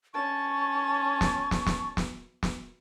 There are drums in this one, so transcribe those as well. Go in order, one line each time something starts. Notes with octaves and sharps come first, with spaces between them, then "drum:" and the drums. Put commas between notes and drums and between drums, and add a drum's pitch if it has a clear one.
C#4 A5 C#6
drum: snare
drum: snare
drum: snare
drum: snare
drum: snare